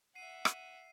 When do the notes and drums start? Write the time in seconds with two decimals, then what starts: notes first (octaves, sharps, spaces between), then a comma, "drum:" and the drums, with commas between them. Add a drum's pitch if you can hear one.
0.15 E5 F#5 C7 D#7
0.45 drum: rim click